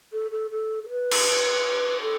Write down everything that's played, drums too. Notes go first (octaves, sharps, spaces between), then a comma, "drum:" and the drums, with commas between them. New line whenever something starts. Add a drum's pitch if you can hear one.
A4
A4
A4
A4
B4
drum: cymbal
A4